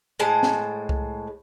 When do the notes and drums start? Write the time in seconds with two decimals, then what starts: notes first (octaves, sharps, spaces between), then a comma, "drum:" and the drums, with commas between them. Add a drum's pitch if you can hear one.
0.19 A2 G#3 C5 A5
0.43 drum: snare
0.89 drum: kick C2